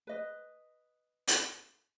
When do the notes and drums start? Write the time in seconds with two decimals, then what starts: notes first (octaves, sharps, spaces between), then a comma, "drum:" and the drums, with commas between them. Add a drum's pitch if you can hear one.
0.07 B4 D#5
1.28 drum: hi-hat